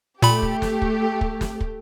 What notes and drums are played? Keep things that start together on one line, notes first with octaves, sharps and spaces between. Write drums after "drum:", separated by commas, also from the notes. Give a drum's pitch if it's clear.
A#2 A3 G4 B5
drum: kick
drum: snare
drum: kick
drum: kick
drum: snare
drum: kick